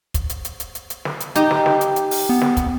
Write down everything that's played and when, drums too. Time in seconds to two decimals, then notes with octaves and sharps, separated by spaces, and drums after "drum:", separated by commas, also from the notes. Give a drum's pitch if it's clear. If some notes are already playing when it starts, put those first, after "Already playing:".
0.14 drum: kick, hi-hat
0.29 drum: hi-hat
0.45 drum: hi-hat
0.60 drum: hi-hat
0.75 drum: hi-hat
0.90 drum: hi-hat
1.05 drum: snare
1.20 drum: hi-hat
1.35 D#4 G4, drum: hi-hat
1.51 drum: snare
1.66 drum: snare
1.81 drum: hi-hat
1.96 drum: hi-hat
2.11 drum: open hi-hat
2.29 B3
2.42 drum: snare
2.57 drum: kick, hi-hat